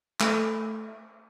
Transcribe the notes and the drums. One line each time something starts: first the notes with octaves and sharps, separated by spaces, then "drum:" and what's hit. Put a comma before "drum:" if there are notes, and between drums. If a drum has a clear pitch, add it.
A3, drum: clap